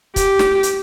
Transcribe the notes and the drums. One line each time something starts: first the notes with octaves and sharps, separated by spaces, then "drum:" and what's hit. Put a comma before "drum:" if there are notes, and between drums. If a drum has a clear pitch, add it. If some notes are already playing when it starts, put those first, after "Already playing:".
G4, drum: kick, hi-hat
drum: snare
drum: hi-hat